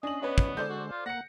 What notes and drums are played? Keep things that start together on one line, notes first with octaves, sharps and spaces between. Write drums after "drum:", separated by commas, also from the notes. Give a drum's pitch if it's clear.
C#4 D4 D#5 G#5 F#7
B3 B4 C#5 D#5
drum: kick
D3 G#3 A4 C5 D5 G6
F#4
F4
A#3 F#5 A#6 C#7